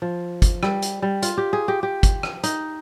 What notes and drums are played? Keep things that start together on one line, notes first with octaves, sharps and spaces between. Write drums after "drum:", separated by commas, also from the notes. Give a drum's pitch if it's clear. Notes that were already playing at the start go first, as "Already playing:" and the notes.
F3
drum: kick, hi-hat
G3, drum: rim click
drum: hi-hat
G3
F4, drum: hi-hat
G4
G#4
G4
G4
drum: kick, hi-hat
drum: rim click
D#4, drum: hi-hat